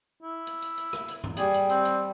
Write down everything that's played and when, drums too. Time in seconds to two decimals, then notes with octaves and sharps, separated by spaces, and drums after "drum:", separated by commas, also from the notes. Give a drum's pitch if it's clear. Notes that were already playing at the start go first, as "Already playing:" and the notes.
0.22 E4
0.47 drum: hi-hat
0.62 drum: hi-hat
0.78 drum: hi-hat
0.93 drum: rim click
1.08 drum: hi-hat
1.24 drum: tom G2
1.37 G3 G#4, drum: hi-hat
1.54 drum: hi-hat
1.70 C4, drum: hi-hat
1.85 drum: hi-hat